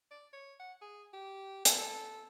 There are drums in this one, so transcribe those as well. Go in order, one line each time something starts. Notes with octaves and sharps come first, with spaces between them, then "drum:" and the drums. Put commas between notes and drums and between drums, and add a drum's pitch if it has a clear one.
D5
C#5
F#5
G#4
G4
A4, drum: hi-hat
A4